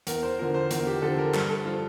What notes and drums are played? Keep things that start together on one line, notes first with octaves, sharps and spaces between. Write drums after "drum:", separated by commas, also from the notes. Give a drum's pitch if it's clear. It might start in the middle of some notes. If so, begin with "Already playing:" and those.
E2 A#4, drum: hi-hat
C5
D3 F3 A#4
C5
E2 A#4, drum: hi-hat
G4
D3 F3 A4
A#4
G2, drum: clap
A4
F3 F4